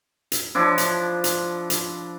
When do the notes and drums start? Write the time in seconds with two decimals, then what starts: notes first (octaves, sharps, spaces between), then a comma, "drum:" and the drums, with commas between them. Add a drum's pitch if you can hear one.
0.32 drum: hi-hat
0.55 F3 D4 E4
0.78 drum: hi-hat
1.24 drum: hi-hat
1.70 drum: hi-hat